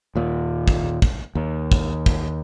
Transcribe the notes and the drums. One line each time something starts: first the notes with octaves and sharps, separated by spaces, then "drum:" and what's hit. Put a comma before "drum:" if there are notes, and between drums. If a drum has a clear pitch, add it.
D#2 A#2
drum: kick
drum: kick
D#2
drum: kick
drum: kick